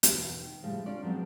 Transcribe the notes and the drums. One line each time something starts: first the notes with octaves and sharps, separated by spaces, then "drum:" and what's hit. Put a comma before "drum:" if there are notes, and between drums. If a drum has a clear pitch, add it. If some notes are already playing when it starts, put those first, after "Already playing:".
E2 B2, drum: hi-hat
D#3
A2 C#3 F3 G3 G#3
C#4 D4 F4 D5
F3 F#3 G#3 B3 C4 D4